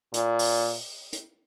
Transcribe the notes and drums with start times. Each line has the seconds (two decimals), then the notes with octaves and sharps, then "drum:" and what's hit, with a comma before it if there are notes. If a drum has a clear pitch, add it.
0.14 A#2, drum: hi-hat
0.39 drum: open hi-hat
1.13 drum: hi-hat